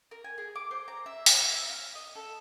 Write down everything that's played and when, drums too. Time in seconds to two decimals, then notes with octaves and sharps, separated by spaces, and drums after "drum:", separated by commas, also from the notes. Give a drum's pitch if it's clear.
0.11 A#4
0.24 G#5
0.38 G#4
0.55 D6
0.71 C5
0.88 A#5
1.06 E5
1.26 drum: open hi-hat
1.36 E5
1.54 E5
1.70 F5
1.95 D#5
2.16 A4